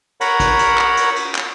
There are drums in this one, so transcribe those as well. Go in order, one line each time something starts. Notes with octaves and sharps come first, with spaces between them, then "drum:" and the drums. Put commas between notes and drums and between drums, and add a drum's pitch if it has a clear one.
A#4 C#5 F#5 A#5 B5, drum: cymbal
drum: kick A1, cymbal
drum: cymbal
drum: clap
drum: cymbal
drum: cymbal
drum: clap